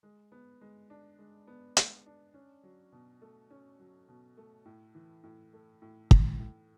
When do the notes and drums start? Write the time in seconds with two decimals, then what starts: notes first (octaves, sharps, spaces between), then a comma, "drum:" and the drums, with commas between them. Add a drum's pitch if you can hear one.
0.03 G#3
0.32 B3
0.61 G#3
0.90 D4
1.19 G#3
1.47 B3
1.77 G#3, drum: hi-hat
2.06 D4
2.34 C#4
2.63 F#3
2.92 B2
3.22 A3
3.50 C#4
3.79 F#3
4.08 B2
4.37 A3
4.65 A2
4.95 E3
5.24 A2
5.53 A3
5.82 A2
6.11 E3, drum: kick
6.40 A2